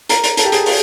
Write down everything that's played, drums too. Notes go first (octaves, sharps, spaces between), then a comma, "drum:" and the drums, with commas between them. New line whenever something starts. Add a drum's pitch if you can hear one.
A#4, drum: hi-hat
drum: hi-hat
A4, drum: hi-hat
G4
G#4, drum: hi-hat
drum: open hi-hat